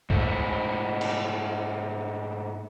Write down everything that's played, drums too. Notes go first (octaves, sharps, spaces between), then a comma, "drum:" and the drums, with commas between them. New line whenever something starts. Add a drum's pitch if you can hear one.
G#2 A3, drum: kick C2
drum: cymbal